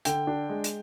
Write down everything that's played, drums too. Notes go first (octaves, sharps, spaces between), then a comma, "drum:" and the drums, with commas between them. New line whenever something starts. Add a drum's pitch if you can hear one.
D3 G5, drum: hi-hat
D4
G#3
drum: hi-hat